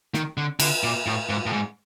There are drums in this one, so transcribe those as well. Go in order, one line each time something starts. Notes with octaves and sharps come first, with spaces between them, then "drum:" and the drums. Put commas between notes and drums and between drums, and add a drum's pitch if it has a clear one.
D#3, drum: snare
D3
D3, drum: cymbal
A#2
A2
G#2
A2
G#2